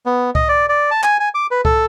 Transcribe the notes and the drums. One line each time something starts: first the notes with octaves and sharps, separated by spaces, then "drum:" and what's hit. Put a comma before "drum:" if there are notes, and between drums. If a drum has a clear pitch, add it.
B3
D#5, drum: kick C2
D5
D5
A5
G#5, drum: clap
G#5
D6
B4
A4, drum: kick C2